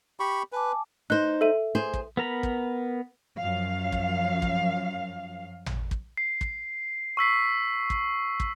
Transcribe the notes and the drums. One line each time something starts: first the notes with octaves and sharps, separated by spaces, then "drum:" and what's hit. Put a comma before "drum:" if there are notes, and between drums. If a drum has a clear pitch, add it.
G4 B5 C#6
B4 G#5 A5 D6
D#4 C5 F#6
A4 E5 D#7
G#4 C5
drum: kick
B3 A#4 A#5 B5
drum: kick
F#2 F3 F5
drum: kick
drum: kick
drum: tom
drum: kick
C7
drum: kick
C#6 E6 B6 C7
drum: kick
drum: kick